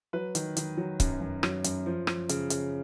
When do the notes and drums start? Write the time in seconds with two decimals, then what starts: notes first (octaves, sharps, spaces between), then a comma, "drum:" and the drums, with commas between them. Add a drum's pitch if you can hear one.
0.13 F#3 B4
0.35 D#3, drum: hi-hat
0.57 D#3, drum: hi-hat
0.77 F#3
1.00 F#2, drum: kick C#1, hi-hat
1.21 F#2
1.43 F#3, drum: rim click
1.64 F#2, drum: hi-hat
1.86 F3
2.07 F3, drum: rim click
2.29 C#3, drum: hi-hat
2.50 C#3, drum: hi-hat